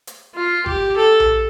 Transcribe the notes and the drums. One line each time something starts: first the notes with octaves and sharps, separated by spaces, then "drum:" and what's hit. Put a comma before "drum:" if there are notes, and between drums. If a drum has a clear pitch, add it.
drum: hi-hat
F4
G4, drum: kick G#1
A4
drum: tom A#1